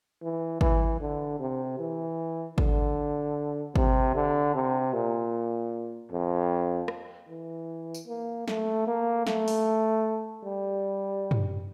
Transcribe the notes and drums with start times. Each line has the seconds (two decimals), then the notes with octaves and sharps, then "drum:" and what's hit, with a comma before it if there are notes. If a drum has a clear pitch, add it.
0.22 E3
0.61 E3, drum: kick G#1
1.01 D3
1.40 C3
1.79 E3
2.58 D3, drum: kick G#1
3.76 C3, drum: kick G#1
4.15 D3
4.55 C3
4.93 A#2
6.12 F2
6.88 drum: rim click
7.29 E3
7.94 drum: tambourine
8.08 A#3
8.48 A3, drum: snare
8.87 A#3
9.27 A3, drum: snare
9.48 drum: open hi-hat
10.44 G3
11.31 drum: tom